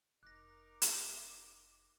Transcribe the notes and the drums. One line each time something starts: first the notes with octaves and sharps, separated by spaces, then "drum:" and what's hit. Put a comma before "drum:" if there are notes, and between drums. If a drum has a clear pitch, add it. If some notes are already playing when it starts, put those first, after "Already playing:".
F1 D#4 A#4 D6 F#6 A#6
drum: hi-hat